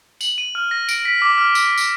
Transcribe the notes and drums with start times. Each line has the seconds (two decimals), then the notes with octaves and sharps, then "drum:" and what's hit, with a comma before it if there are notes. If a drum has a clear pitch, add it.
0.21 F#7, drum: tambourine
0.38 D#7
0.55 F6
0.71 A#6
0.89 D7, drum: tambourine
1.05 B6
1.22 D6
1.38 F6
1.55 drum: tambourine
1.78 drum: tambourine